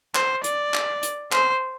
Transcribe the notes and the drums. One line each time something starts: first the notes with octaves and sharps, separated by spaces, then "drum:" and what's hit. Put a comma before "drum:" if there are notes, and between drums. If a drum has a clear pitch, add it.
C5, drum: clap
D5, drum: hi-hat
drum: clap
drum: hi-hat
C5, drum: clap